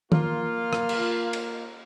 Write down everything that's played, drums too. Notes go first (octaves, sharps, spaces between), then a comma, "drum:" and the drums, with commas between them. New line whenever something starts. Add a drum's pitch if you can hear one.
A#3 F4, drum: tom D#3
drum: rim click
drum: cymbal
drum: cymbal